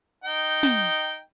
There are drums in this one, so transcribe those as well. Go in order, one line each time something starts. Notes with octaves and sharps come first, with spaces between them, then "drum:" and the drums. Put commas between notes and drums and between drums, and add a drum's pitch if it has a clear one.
D#4 G5
drum: snare